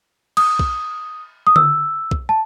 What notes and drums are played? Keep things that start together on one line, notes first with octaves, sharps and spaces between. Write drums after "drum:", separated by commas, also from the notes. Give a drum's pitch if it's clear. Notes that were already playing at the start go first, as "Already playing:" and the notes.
D#6, drum: cymbal
drum: kick
D#6
E6, drum: tom D3
drum: kick
A5